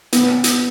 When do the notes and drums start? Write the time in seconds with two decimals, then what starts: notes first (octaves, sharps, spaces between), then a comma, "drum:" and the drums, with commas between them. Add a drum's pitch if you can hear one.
0.13 B3, drum: hi-hat
0.44 drum: hi-hat